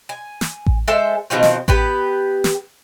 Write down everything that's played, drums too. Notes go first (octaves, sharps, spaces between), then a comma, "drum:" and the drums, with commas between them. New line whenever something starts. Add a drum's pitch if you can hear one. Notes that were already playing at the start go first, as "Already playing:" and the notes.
G#5
drum: snare
drum: kick A1
G#3 A4 C5 E5
B2 D#3 F3 C4
drum: snare
B3 G4 B4, drum: kick A1
drum: snare